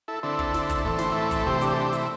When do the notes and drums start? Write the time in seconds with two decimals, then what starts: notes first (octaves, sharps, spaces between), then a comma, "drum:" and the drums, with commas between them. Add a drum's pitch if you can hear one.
0.08 E4 A4
0.23 D3 C4 E4 A4
0.39 drum: kick
0.54 drum: snare
0.70 drum: kick, hi-hat
0.85 A2 E3 C4 A4
0.99 C5, drum: snare
1.12 E4 A4
1.31 drum: kick, hi-hat
1.46 C3 E3 A3 C4 G4 C5
1.61 D4 G4, drum: hi-hat
1.73 A4
1.77 D4 G4
1.93 E4, drum: hi-hat